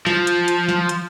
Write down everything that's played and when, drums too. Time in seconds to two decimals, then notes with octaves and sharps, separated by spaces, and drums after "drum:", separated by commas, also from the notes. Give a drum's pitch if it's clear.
0.07 F3, drum: snare
0.27 drum: hi-hat
0.48 drum: hi-hat
0.69 drum: snare
0.89 drum: hi-hat